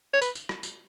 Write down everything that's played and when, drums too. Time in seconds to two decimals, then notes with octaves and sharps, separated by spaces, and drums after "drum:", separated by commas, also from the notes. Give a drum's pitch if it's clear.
0.14 C#5
0.22 B4, drum: tambourine
0.35 drum: tambourine
0.49 drum: rim click
0.63 drum: tambourine